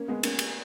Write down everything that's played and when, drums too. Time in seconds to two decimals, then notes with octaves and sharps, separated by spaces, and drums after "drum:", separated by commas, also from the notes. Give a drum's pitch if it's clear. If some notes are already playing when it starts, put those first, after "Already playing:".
Already playing: A#3 C#4
0.08 G#3 B3
0.23 A#3 C#4, drum: cymbal
0.39 drum: cymbal